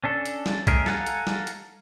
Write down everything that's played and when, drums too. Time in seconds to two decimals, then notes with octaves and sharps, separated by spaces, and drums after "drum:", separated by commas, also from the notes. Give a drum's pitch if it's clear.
0.04 C#4 D4 A4
0.25 drum: hi-hat
0.46 drum: snare
0.67 D#3 A3 C#4 G#4 A#4, drum: kick B1, hi-hat
0.86 A4 F5 F#5 G#5 A#5, drum: snare
1.06 drum: hi-hat
1.27 drum: snare
1.47 drum: hi-hat